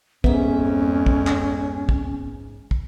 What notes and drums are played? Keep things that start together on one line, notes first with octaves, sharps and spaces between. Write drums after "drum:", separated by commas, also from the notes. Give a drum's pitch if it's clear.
F2 G#2 B3 C#4 E5, drum: kick
drum: kick
drum: clap
drum: kick
drum: kick